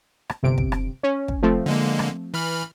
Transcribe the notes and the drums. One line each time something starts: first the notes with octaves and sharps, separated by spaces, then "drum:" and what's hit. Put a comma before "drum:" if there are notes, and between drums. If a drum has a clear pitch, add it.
drum: rim click
G1 C3 D7
drum: kick
drum: rim click
C#4
drum: kick
F3 A3 C4
D3 G#3 A#3
drum: rim click
E3 B5 F6